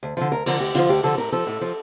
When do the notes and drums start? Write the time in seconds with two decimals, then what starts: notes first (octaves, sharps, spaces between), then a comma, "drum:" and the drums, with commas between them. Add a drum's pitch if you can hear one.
0.03 D2
0.17 D3 F3
0.32 D2 A#4
0.46 D3 F3 A#4, drum: cymbal
0.60 D2 G4
0.75 D3 F3 F4, drum: hi-hat
0.89 D2 G4
1.03 D3 F3 A4
1.18 A2 A#4
1.32 F3 A4
1.47 A2
1.61 F3